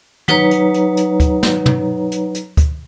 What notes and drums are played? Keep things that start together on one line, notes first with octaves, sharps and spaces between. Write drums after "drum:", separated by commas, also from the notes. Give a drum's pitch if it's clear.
F#3 D#4 B4 C#5 A#5, drum: tom
drum: hi-hat
drum: hi-hat
drum: hi-hat
drum: kick, hi-hat
drum: snare
drum: tom
drum: hi-hat
drum: hi-hat
drum: kick, hi-hat